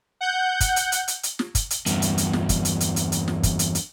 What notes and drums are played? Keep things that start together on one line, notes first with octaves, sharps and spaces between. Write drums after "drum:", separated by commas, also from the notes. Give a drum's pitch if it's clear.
F#5 G6
drum: kick, hi-hat
drum: hi-hat
drum: hi-hat
drum: hi-hat
drum: hi-hat
drum: snare
drum: kick, hi-hat
drum: hi-hat
E2 G2, drum: hi-hat
drum: hi-hat
drum: hi-hat
drum: snare
drum: kick, hi-hat
drum: hi-hat
drum: hi-hat
drum: hi-hat
drum: hi-hat
drum: snare
drum: kick, hi-hat
drum: hi-hat
drum: hi-hat